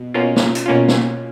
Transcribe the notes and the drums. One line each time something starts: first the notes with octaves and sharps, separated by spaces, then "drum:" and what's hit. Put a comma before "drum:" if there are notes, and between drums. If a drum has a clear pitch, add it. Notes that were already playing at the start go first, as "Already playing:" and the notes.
Already playing: B2
B2 A#3 C#4 F4
drum: snare
drum: hi-hat
B2 A#3 C#4 F4
drum: snare